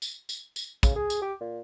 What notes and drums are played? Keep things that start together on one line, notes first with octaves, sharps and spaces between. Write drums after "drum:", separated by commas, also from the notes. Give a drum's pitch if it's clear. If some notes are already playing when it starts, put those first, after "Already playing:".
drum: tambourine
drum: tambourine
drum: tambourine
C#3, drum: kick, tambourine
G#4
drum: tambourine
G4
A#2